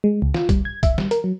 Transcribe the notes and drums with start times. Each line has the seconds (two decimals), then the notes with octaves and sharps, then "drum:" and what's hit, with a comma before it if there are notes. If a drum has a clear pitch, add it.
0.04 G#3
0.22 C#2
0.34 F4, drum: snare
0.49 G3, drum: kick, hi-hat
0.65 G#6
0.83 E5, drum: kick, hi-hat
0.98 G3, drum: snare
1.11 A#4, drum: hi-hat
1.24 F#3